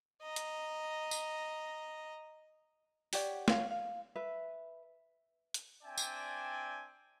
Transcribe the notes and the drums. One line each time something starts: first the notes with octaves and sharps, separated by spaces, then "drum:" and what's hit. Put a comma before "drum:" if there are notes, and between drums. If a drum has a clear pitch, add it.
D#5 A#5
drum: hi-hat
drum: tambourine
G4 C#5 D5 F#5, drum: open hi-hat
C#5 F5 F#5, drum: snare
F5
B4 E5
drum: hi-hat
C4 D4 D5 E5 G5 G#5
drum: tambourine